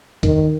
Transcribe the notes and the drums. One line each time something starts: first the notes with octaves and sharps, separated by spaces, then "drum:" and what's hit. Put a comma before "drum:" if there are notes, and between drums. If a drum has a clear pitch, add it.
D#3, drum: kick C#2, hi-hat